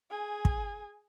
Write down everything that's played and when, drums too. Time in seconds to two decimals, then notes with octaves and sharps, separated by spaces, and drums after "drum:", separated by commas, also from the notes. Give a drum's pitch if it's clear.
0.10 G#4 G#5
0.45 drum: kick